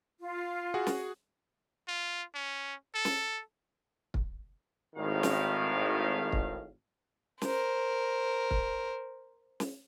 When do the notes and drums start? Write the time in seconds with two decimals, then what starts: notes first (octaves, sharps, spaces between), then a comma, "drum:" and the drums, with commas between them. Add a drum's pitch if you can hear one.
0.20 F4
0.74 F#4 G#4 F#5
0.87 drum: snare
1.88 F4
2.35 C#4
2.95 A4
3.05 drum: snare
4.14 drum: kick
4.96 G#1 A2 D#3 F5
5.23 drum: snare
6.32 drum: kick
7.42 A#4 C5, drum: snare
8.51 drum: kick
9.60 drum: snare